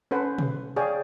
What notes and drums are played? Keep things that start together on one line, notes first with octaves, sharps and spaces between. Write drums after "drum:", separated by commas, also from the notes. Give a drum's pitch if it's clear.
C#4 A4 B4 C5 F#5
drum: tom
G#4 C#5 D5 F5 G5 G#5